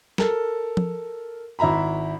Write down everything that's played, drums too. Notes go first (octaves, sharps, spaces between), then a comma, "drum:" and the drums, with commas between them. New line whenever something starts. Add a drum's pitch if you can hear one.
A4 A#4, drum: snare
drum: tom F3
G#1 E4 E5 A#5 B5